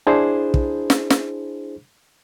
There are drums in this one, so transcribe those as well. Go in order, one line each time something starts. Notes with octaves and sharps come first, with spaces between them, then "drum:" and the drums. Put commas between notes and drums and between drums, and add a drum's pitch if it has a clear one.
D4 E4 G#4 C5
drum: kick
drum: snare
drum: snare